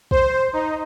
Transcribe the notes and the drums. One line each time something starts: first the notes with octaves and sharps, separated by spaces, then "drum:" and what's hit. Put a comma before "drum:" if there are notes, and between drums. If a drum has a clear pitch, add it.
C5, drum: kick
D#4